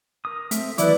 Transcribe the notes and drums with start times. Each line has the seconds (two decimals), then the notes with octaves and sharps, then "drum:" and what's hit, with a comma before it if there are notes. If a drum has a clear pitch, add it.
0.25 A#4 D#6
0.51 A3 C4 E5, drum: hi-hat
0.78 D#3 E3 F#3 E4 B4 D5 D6 F#6, drum: hi-hat